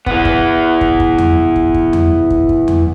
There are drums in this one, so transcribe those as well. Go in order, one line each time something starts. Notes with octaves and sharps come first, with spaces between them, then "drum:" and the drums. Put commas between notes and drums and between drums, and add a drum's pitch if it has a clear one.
E3 B3, drum: kick
drum: kick
drum: kick
drum: kick
drum: tom E2
drum: kick
drum: kick
drum: tom E2
drum: kick
drum: kick
drum: tom E2